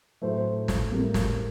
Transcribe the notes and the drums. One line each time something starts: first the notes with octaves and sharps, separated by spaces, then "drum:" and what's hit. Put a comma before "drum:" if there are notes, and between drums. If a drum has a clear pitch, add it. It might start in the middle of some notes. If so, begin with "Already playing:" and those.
A2 F#3 A3 C5
drum: snare
A2 G3 A#3
drum: snare